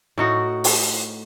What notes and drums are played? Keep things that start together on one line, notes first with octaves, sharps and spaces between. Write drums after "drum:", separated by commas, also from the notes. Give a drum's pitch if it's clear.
A2 D#4 F#4
drum: open hi-hat